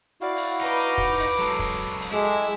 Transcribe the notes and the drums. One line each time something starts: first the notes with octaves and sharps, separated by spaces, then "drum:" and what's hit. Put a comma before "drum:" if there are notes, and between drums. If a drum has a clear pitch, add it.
E4 F#4 D5 F5
drum: open hi-hat
D#4 B4 D6
drum: hi-hat
drum: kick, hi-hat
drum: open hi-hat
F#3 G#3 A4
drum: kick, hi-hat
drum: hi-hat
drum: open hi-hat
G#3 E4 G4 A4
drum: hi-hat